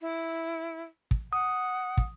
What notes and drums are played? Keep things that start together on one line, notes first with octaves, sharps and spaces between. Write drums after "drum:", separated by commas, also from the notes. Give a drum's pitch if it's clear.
E4
drum: kick
F#5 D#6
drum: kick